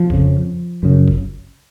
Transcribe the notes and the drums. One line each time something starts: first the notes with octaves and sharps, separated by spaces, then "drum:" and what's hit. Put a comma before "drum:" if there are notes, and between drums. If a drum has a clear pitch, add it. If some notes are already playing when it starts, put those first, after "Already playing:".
Already playing: F3
F2 C#3, drum: kick F#1
F#2 C#3
drum: kick F#1